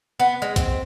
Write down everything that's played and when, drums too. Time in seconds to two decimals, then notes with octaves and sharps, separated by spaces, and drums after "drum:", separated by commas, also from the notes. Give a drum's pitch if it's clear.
0.20 B3
0.42 G#3
0.56 C4, drum: kick, hi-hat